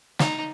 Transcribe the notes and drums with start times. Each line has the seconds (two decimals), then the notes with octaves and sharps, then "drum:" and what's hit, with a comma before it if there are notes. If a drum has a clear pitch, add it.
0.19 D#4, drum: snare